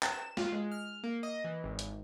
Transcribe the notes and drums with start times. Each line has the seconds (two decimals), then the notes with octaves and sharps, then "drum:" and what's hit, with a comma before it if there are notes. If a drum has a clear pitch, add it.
0.03 drum: clap
0.12 E7
0.37 F4, drum: snare
0.53 G#3
0.71 F6
1.04 A#3
1.23 D#5
1.44 E3
1.64 G#1
1.79 drum: hi-hat